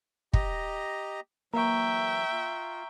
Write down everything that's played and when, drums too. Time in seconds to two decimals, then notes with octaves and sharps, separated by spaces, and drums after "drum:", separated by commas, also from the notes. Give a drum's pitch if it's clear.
0.33 G4 D#5 A#5, drum: kick
1.54 E3 F#3 A#3 E5 G5 A#5 C#6
2.32 F4